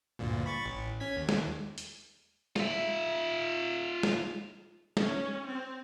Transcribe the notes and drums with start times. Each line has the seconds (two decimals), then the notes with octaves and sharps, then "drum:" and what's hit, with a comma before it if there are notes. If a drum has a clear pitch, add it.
0.19 D2 G2 A#2
0.46 B5 C#6 A6
0.66 A1
1.00 C#4 G#6 B6
1.17 D#2
1.29 drum: snare
1.78 drum: hi-hat
2.56 F4 E5, drum: snare
4.03 drum: snare
4.97 C#4, drum: snare
5.47 C4